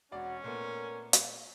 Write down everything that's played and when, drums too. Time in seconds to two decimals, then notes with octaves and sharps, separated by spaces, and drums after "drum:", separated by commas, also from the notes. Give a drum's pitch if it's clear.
0.12 E1 C#4 F#4 D5
0.44 A#2 A3 B3 A#4
1.13 drum: hi-hat